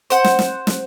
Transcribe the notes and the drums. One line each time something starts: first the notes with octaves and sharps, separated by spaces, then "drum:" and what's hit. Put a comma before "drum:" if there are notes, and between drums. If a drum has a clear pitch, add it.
C5 F#5, drum: hi-hat
drum: snare
drum: snare
drum: snare